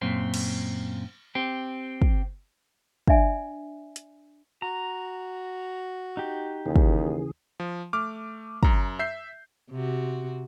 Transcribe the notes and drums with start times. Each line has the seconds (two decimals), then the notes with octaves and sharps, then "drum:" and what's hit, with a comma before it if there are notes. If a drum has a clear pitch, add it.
0.02 F#2 A#2 C4
0.34 drum: cymbal
1.35 C4 G4
2.02 drum: kick
3.08 D4 D5 E5 G#5, drum: kick
3.96 drum: hi-hat
4.62 F#4 A#5
6.17 D#4 G4
6.66 D#2 C#3 E3 G#4
6.76 drum: kick
7.60 F3
7.93 A3 D6 F6
8.63 F#2 A#5, drum: kick
8.99 E5 G6 C7
9.71 C3 F#4